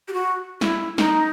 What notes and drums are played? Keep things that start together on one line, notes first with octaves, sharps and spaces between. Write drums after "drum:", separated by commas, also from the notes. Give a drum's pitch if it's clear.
G4
F#4
E4, drum: snare
D#4, drum: snare